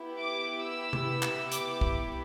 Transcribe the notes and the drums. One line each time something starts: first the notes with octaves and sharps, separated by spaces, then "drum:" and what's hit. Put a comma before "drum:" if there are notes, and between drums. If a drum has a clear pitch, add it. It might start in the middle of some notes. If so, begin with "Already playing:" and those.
Already playing: B3 E4 G4
D6
E6
drum: tom C3
drum: clap
D6, drum: hi-hat
drum: kick